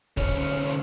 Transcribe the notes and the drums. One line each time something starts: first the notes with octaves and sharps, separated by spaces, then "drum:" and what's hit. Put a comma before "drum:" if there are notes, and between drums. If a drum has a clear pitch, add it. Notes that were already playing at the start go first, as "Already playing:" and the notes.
D2 C#4, drum: kick